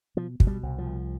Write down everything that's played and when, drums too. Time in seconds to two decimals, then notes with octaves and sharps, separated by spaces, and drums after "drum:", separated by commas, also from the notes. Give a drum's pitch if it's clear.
0.17 B2 F3
0.40 B2, drum: kick
0.47 G3
0.63 C2
0.78 F3
0.86 C2